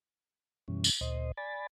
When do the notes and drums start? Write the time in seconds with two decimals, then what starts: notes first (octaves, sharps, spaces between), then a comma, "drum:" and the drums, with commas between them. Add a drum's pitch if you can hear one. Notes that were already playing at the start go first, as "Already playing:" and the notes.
0.68 F#2 B2 E3 G3 C#4
0.84 drum: tambourine
1.01 D2 A#2 C5 D#5
1.37 D5 G#5 B5 A6